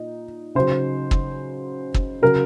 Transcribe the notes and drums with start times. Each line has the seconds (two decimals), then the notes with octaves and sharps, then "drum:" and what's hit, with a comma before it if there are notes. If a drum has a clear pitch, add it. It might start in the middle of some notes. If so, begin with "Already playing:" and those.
Already playing: A#2 D#4
0.55 C#3 F#3 C5
1.11 drum: kick
1.94 drum: kick
2.22 C#3 F#3 A#4